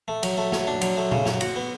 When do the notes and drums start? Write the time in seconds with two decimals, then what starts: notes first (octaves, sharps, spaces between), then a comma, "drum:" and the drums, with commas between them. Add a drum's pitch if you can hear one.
0.08 A3
0.23 F#3, drum: cymbal
0.37 A3
0.52 F#3, drum: snare
0.67 D4
0.81 F#3, drum: cymbal
0.97 A3
1.12 C#3, drum: tom A#2
1.26 F#3, drum: snare
1.41 F#4, drum: cymbal
1.56 B3